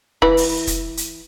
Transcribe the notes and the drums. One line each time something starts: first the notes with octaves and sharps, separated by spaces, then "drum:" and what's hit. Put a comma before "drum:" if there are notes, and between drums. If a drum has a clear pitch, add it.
E3 B5, drum: kick
drum: open hi-hat
drum: kick, hi-hat
drum: hi-hat